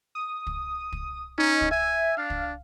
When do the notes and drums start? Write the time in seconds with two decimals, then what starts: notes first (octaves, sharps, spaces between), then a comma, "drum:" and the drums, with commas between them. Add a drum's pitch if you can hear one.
0.15 D#6
0.47 drum: kick
0.92 drum: kick
1.38 C#4 D#4
1.61 drum: kick
1.71 E5 G#5
2.18 D4 F5
2.30 drum: kick